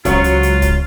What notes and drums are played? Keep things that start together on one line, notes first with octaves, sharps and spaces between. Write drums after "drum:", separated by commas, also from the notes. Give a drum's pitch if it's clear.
C#2 F#3 F4 F#4 C#5 A#5, drum: kick C#1, hi-hat
drum: hi-hat
drum: hi-hat
drum: kick C#1, hi-hat